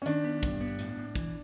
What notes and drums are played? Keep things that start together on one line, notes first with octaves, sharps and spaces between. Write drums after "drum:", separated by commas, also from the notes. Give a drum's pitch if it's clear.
C#4
D#3 D4, drum: hi-hat
B3
G2, drum: kick, hi-hat
B3
A2, drum: hi-hat
A2
E3, drum: kick, hi-hat